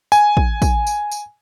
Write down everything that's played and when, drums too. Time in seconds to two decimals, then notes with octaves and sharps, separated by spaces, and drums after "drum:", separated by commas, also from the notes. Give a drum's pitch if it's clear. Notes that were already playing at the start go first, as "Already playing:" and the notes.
0.12 G#5, drum: tambourine
0.37 drum: kick
0.62 drum: kick, tambourine
0.87 drum: tambourine
1.11 drum: tambourine